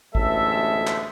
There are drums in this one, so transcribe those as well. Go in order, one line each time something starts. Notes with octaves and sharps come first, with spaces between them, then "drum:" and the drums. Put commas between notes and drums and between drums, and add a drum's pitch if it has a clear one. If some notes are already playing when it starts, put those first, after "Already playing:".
A1 D2 B2 G#3 A4 E5, drum: kick
drum: clap